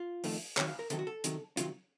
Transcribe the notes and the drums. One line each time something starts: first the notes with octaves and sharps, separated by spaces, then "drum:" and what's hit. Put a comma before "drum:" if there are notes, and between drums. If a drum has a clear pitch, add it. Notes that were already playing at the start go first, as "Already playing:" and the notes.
Already playing: F4
F2 D#3 A3, drum: open hi-hat
C3 D#3 F#3 C#5, drum: clap
F5
A#4
C3 D#3 F#3 A4, drum: hi-hat
F#4
A4
C3 D#3 F#3, drum: hi-hat
C3 D#3 F#3 F4, drum: hi-hat